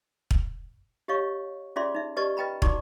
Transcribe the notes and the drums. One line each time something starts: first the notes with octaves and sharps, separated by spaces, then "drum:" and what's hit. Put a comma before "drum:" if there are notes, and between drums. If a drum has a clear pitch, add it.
drum: kick
G4 C#5 D#5 F5 C#6
C#4 F4 G#4 D5 E5 C6
D#4 E5
G4 B4 D5 D#5 A5 C#6
B4 D#5 G5 A#5 B5
D#4 F#4 D5 A#5 C#6 D6, drum: kick